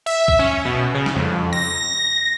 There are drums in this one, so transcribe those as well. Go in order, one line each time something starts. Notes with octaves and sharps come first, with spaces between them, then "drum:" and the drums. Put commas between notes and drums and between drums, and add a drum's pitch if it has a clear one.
E5
drum: kick B1
C#4
B2
C#3
drum: snare
F2
A#6